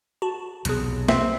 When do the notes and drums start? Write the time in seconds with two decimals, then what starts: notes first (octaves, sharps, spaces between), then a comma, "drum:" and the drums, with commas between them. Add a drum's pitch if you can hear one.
0.22 F#4 A5
0.65 B1 E2 C3 G#4 F#6, drum: hi-hat
1.08 C4 E5, drum: snare